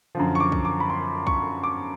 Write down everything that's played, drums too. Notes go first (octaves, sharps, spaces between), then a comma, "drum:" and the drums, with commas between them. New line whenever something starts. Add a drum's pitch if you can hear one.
F#2 D3 F3
C#6
D6
drum: kick B1
D6
B5
C6
C#6, drum: kick B1
D6